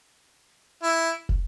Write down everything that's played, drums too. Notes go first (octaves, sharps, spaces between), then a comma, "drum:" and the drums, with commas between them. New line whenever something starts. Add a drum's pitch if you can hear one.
E4
drum: kick